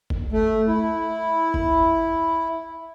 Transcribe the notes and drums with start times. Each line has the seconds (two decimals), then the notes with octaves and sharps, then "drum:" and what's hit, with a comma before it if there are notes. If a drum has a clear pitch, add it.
0.10 drum: kick F#1
0.32 A3
0.68 E4
1.54 drum: kick F#1